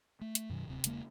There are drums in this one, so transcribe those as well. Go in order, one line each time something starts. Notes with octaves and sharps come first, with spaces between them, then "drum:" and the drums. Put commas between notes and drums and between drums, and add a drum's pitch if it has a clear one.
A3
drum: hi-hat
F#2 B2 D#3 F#3
D1 C3 C4
E1 C#3 G#3 A#3, drum: hi-hat